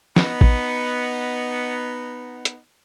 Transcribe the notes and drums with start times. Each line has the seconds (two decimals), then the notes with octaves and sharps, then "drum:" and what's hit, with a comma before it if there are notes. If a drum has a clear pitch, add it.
0.16 B3 D#4, drum: snare
0.41 drum: kick A1
2.45 drum: hi-hat